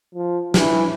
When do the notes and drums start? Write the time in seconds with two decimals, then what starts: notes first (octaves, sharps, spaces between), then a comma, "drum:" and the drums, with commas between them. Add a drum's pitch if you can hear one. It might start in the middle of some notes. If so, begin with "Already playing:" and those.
0.15 F3
0.54 E3, drum: snare